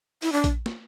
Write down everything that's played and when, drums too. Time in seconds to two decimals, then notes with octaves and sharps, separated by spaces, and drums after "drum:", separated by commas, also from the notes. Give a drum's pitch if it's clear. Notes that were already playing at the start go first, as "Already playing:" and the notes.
0.22 E4, drum: open hi-hat
0.32 D4
0.44 drum: kick A#1, hi-hat
0.66 drum: snare